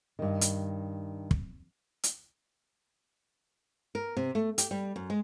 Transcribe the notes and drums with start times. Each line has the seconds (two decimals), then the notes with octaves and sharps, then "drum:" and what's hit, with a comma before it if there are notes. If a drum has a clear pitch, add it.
0.19 G2 D#3
0.41 drum: hi-hat
1.31 drum: kick
2.03 drum: hi-hat
3.95 A#4
4.17 C3
4.35 A3
4.58 G4, drum: hi-hat
4.71 G3
4.96 F#2
5.10 G#3